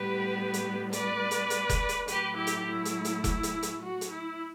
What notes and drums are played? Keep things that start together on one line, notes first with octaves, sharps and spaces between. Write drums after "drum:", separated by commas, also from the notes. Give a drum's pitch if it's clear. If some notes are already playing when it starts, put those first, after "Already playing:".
Already playing: A2 G3 B3 G4 B4
drum: hi-hat
B4 D5, drum: hi-hat
drum: hi-hat
drum: hi-hat
drum: kick F1, hi-hat
drum: hi-hat
A2 F#3 A3 G4 B4, drum: hi-hat
E4 G4
drum: hi-hat
E4
drum: hi-hat
drum: hi-hat
drum: kick F1, hi-hat
drum: hi-hat
drum: hi-hat
F#4
drum: hi-hat
E4